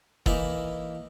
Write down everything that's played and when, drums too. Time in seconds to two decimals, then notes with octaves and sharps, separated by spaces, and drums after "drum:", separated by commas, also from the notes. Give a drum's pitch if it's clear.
0.26 E3 A#3 D#4 E4 B5, drum: kick